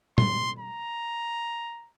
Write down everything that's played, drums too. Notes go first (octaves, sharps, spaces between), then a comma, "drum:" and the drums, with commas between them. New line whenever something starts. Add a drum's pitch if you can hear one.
C6, drum: tom
A#5